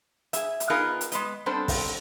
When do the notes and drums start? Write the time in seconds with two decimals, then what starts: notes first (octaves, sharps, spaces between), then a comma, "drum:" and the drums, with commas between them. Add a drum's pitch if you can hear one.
0.33 G#4 E5, drum: hi-hat
0.60 drum: hi-hat
0.70 B3 D#4 F4 G#4 A#4 D#5
1.01 drum: hi-hat
1.12 G#3 B3 D#5, drum: hi-hat
1.46 G3 B3 C4 D4 A4 C5
1.68 drum: kick, open hi-hat